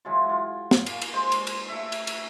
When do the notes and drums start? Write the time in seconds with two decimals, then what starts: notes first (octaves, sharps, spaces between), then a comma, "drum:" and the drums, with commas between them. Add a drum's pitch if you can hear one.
0.05 E3 F#3 G#3 F4
0.29 F4
0.71 drum: snare
0.86 A#3, drum: cymbal
1.02 drum: cymbal
1.13 G#3 C5
1.32 drum: cymbal
1.47 drum: cymbal
1.68 A3 E5
1.92 drum: cymbal
2.07 drum: cymbal